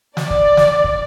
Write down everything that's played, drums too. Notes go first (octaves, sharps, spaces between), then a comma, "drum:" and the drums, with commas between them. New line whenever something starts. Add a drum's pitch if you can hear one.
D5, drum: snare
drum: kick
drum: snare
drum: kick